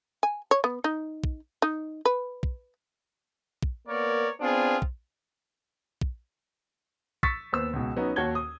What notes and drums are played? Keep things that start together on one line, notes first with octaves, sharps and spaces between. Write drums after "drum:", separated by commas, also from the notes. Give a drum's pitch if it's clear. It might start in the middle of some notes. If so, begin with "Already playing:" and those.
G#5
C#5
B3
D#4
drum: kick
D#4
B4
drum: kick
drum: kick
A#3 B3 A#4 C#5 D5
B3 C4 D4 F4 G#4
drum: kick
drum: kick
C#6 E6 A6 B6 C#7, drum: kick
D#2 B3 C5 E6
C#2 B2
F#3 B3 C#4 D#4
D#2 F#4 C#5 A5 G#6 G7
D#6